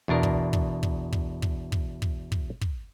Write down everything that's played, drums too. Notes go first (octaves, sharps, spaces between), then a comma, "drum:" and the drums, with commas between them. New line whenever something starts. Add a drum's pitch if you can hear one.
E2 B2 D4 A#4
drum: kick
drum: kick
drum: kick
drum: kick
drum: kick
drum: kick
drum: kick
drum: kick
drum: kick